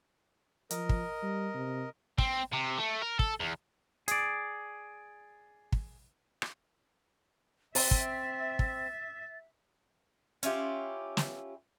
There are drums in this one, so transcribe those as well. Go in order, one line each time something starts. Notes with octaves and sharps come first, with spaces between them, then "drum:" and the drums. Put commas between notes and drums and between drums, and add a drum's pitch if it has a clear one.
F3 A#4 D#5, drum: hi-hat
drum: kick
G3
C3
C4, drum: kick
C3
A3
A#4
A4, drum: kick
E2
G#4 D5, drum: hi-hat
drum: kick
drum: rim click
C4 E5 A6, drum: open hi-hat
drum: kick
drum: kick
C#4 E4 F4 G4, drum: hi-hat
drum: snare